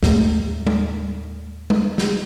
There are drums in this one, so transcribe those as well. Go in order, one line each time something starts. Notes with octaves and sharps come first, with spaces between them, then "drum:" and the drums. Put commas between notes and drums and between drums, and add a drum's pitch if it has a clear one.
D#2 A2 G#3 A3, drum: snare
drum: tom G3
drum: tom G3
drum: snare